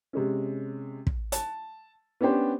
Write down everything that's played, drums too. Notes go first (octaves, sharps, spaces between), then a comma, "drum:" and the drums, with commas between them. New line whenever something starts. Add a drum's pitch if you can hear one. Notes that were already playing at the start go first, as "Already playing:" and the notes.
C3 G#3 C#4
drum: kick
A5, drum: hi-hat
B3 C#4 D4 G4 C5